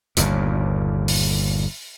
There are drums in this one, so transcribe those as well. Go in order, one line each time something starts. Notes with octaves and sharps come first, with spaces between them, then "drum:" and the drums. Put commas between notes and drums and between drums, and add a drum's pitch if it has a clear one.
G1 D#2 A#2, drum: hi-hat
drum: open hi-hat